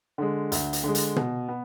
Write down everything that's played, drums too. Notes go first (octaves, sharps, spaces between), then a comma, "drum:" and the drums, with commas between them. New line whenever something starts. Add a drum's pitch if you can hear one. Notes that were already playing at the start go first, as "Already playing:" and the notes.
D3 G#3
D2, drum: hi-hat
drum: hi-hat
D3 G#3
drum: hi-hat
B2, drum: tom
B3